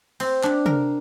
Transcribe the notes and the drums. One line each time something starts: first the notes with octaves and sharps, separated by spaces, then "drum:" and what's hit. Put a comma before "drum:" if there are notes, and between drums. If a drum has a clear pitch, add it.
C4, drum: cymbal
D4, drum: clap
A#4, drum: tom